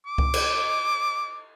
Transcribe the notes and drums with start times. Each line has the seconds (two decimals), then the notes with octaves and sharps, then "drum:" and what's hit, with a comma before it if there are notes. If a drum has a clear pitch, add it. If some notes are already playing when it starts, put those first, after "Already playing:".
0.06 D6
0.18 drum: kick C#2
0.34 drum: cymbal